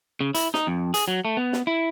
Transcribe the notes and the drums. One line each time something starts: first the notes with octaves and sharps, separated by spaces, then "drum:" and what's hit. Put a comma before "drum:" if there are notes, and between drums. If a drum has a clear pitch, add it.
C#3
E4, drum: hi-hat
D#4, drum: snare
F2
G#4, drum: hi-hat
F#3
A3
B3
drum: snare
E4